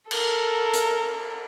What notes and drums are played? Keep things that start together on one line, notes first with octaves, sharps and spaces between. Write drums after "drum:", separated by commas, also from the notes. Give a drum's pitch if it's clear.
A4 A#4, drum: cymbal
drum: hi-hat